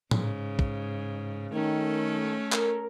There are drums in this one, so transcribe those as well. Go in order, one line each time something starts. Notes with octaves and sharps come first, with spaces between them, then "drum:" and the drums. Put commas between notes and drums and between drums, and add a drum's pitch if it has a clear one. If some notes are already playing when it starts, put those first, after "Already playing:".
G#2 C#3, drum: tom A2
drum: kick
D#3 A3 C#4 A4
A#4, drum: clap